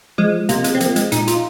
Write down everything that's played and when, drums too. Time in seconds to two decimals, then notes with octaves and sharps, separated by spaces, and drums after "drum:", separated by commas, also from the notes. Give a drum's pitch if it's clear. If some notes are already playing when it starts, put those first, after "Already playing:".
0.18 F3 G#3
0.49 C3 A#3, drum: hi-hat
0.64 G#3, drum: hi-hat
0.75 C4
0.80 F3 A#3, drum: hi-hat
0.96 G#3, drum: hi-hat
1.12 A#2 D#4, drum: hi-hat
1.27 F4, drum: hi-hat